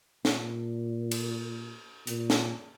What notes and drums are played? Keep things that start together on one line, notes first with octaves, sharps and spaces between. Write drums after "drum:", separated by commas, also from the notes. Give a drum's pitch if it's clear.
A#2, drum: snare
drum: cymbal
A#2, drum: hi-hat
drum: snare